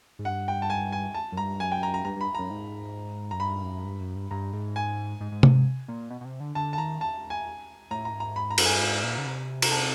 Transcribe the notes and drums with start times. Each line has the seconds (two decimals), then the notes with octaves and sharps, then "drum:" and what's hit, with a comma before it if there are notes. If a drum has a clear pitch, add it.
0.19 G#2
0.25 G2 F#5
0.48 G5
0.62 A5
0.70 G#5
0.92 G#5
1.14 A5
1.32 F#2
1.37 G2 A#5
1.60 F#2 G#5
1.72 G5
1.83 A#5
1.94 A#5
2.05 G2 A#5
2.16 G2 B5
2.35 F#2 A#5
2.51 G#2
3.31 F#2 A#5
3.40 G2 B5
3.63 F#2
3.85 G2
4.00 F#2
4.16 G2
4.31 G2 A#5
4.53 G#2
4.76 G#5
5.20 G#2
5.32 G#2
5.43 A2, drum: tom C3
5.54 G#2
5.88 A#2
6.10 B2
6.21 B2
6.25 C3
6.40 D3
6.55 D3 A5
6.73 A5
6.78 D#3 A#5
7.01 A5
7.30 G#5
7.91 A2 A#5
8.05 A#5
8.13 G#2
8.20 A#5
8.36 B5
8.50 A#5
8.58 F#2, drum: cymbal
8.66 G2 G#5
8.80 G#2
9.03 A#2
9.18 C#3
9.26 C3
9.62 A#5, drum: cymbal
9.71 A5